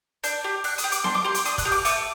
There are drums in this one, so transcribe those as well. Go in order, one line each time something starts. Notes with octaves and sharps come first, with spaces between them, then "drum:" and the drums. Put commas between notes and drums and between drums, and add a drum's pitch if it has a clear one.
D4 G6, drum: hi-hat
G4
D4 F#6, drum: open hi-hat
D#6, drum: hi-hat
G4
D6, drum: hi-hat
D4 C6, drum: snare B3
D6
G4 C6
D6, drum: hi-hat
D4 D#6, drum: hi-hat
F#6, drum: kick, hi-hat
G4 D#6
D6, drum: open hi-hat
A3 D6, drum: hi-hat